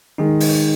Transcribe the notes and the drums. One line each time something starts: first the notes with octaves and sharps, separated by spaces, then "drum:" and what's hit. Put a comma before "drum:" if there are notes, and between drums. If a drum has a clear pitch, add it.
D#3 G#3 D#4
drum: open hi-hat